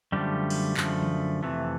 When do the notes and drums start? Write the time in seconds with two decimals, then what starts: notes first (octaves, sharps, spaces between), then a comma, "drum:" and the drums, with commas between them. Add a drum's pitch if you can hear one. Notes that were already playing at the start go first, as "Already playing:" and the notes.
0.12 F#2 D3 F3 G3 A3 G4
0.50 drum: cymbal
0.77 F#2 D3 F3 A3, drum: clap
1.02 drum: tom
1.43 F2 C3 E3 A3